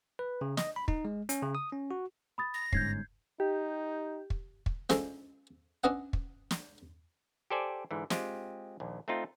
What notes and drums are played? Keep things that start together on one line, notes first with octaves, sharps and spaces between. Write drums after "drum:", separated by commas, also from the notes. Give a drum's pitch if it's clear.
B4
C#3
D#5, drum: snare
B5
D#4, drum: kick
G#3
C#4, drum: hi-hat
C#3
D#6
C#4
F#4
B5 D#6 A6
A#6
G1 G#2 C#4 G6 G#6 C7, drum: kick
D#4 G4
drum: kick
drum: kick
F3 G#3 C#4 A4, drum: snare
C#4 D4 E4 B4 D#5 F#5
drum: kick
drum: snare
G4 A4 C5 D5 G#5
G#2 D3 E3
G#3 C4 F4 G4, drum: snare
A#1 D#2
A3 C4 D#4 F4